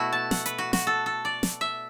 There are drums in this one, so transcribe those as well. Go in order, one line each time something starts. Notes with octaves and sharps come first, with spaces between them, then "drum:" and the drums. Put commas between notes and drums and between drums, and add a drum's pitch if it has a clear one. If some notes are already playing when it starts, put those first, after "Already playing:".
Already playing: B2 A3 E4 F#4 A4
A5
F#5, drum: snare
B4, drum: hi-hat
F#4
F#4, drum: snare
A4
A4
D5
drum: snare
E5